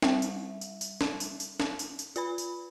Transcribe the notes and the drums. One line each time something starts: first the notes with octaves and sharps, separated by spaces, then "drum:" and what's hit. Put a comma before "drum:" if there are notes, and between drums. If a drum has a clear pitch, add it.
G3 C4 E5, drum: snare
drum: tambourine
drum: tambourine
drum: tambourine
drum: snare
drum: tambourine
drum: tambourine
drum: snare
drum: tambourine
drum: tambourine
F4 B4 B5, drum: tambourine
drum: tambourine